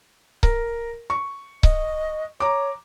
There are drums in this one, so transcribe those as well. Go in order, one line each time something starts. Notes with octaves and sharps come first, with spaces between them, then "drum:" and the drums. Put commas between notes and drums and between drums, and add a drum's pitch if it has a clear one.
A#4, drum: kick C#1
C#6
D#5, drum: kick C#1
C#5 A#5 D6